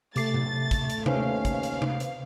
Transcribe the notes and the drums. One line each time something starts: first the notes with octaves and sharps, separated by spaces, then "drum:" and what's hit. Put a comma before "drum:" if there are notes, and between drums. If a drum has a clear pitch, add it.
C3 A3 D6 A6 C7, drum: hi-hat
drum: tom A2
drum: kick, hi-hat
drum: hi-hat
D#2 C#4 B4 C5 F5, drum: tom C3
drum: kick, hi-hat
drum: hi-hat
drum: tom C3
drum: hi-hat